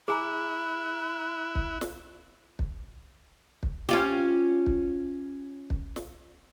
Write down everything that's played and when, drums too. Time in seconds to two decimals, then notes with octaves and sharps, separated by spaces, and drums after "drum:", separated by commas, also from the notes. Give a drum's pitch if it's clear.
0.08 E4 G#4 G#5 A#5 B5 F#6
1.55 drum: kick
1.81 drum: snare
2.59 drum: kick
3.63 drum: kick
3.89 C#4 F4 G4, drum: snare
4.66 drum: kick
5.70 drum: kick
5.96 drum: snare